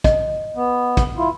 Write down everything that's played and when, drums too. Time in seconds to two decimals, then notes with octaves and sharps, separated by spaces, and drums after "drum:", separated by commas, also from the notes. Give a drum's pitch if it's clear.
0.04 D#5, drum: kick, hi-hat
0.56 B3
0.97 drum: kick, hi-hat
1.17 E4 F4